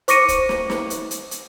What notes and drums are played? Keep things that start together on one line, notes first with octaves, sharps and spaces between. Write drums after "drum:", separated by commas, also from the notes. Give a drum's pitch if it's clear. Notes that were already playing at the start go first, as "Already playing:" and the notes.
C5 C#6 D6 A#6 C#7 D#7, drum: hi-hat
drum: kick, hi-hat
drum: snare
drum: snare
drum: hi-hat
drum: hi-hat
drum: hi-hat